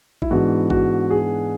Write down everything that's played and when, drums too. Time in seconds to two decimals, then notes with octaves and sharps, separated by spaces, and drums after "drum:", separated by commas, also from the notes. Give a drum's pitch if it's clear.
0.22 E4, drum: kick A1
0.31 G#2 E3 B3 D4 F#4
0.70 F#4, drum: kick A1
1.10 G#4